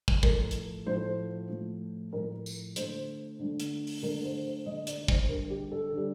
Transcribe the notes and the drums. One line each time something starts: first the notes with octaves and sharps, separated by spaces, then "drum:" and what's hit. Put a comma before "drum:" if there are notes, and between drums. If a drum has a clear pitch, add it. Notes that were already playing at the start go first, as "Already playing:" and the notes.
drum: kick
A2 F3 A3 A#4, drum: kick
drum: hi-hat
A2 F3 A3 C5
A2 F3 A3
A2 F3 A3 A#4
drum: tambourine
D3 A3 C5, drum: hi-hat
D3 A3
drum: hi-hat
drum: open hi-hat
D3 A3 A#4
C5
C5
D3 A3 D#5
D5, drum: hi-hat
D5
C5, drum: kick
D3 G3 A#4
G4
A4
D3 G3